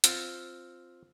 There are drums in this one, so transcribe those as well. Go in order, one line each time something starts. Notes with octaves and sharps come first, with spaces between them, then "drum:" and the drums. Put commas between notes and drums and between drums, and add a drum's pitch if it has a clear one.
C4 F4, drum: hi-hat